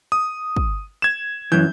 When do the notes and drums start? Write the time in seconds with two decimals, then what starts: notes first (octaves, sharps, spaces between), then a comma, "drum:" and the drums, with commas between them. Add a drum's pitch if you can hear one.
0.12 D#6
0.56 drum: kick
1.02 G#6 E7
1.52 F#2 E3 G6